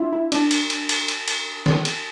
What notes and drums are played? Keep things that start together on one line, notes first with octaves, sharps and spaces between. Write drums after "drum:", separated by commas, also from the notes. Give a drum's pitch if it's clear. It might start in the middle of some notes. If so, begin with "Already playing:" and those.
Already playing: D4 E4 F4
E4
D4, drum: cymbal
drum: cymbal
drum: cymbal
drum: cymbal
drum: cymbal
drum: cymbal
drum: snare
drum: cymbal